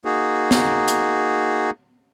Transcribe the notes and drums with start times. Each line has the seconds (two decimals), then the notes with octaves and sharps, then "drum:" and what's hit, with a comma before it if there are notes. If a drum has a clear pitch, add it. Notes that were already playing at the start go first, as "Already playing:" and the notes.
0.05 A#3 D#4 F#4 G#4
0.51 drum: snare
0.88 drum: hi-hat